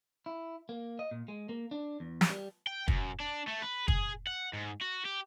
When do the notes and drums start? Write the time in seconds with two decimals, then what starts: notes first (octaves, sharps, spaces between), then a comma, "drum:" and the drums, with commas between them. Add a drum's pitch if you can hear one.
0.26 E4
0.69 A#3
0.99 D#5
1.11 A#2
1.28 G#3
1.49 A#3
1.71 D4
2.00 E2
2.21 drum: snare
2.30 G3
2.67 G5
2.88 F#2, drum: kick
3.20 D4
3.48 A3
3.62 B4
3.88 G#4, drum: kick
4.27 F#5
4.53 G#2
4.81 F#4
5.05 G4